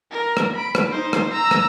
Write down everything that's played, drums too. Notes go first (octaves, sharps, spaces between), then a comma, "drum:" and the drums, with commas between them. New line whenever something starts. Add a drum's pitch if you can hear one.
A#4
drum: rim click
B5 D7
drum: rim click
D#4 C5
drum: rim click
A#5 E6
drum: rim click